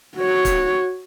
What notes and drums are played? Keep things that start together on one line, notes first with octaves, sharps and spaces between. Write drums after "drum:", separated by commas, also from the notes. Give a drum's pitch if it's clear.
F#4 C#5
drum: kick, hi-hat